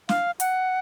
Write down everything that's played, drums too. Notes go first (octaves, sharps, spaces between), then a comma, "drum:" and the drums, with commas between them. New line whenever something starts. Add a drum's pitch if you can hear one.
F5, drum: snare
F#5, drum: hi-hat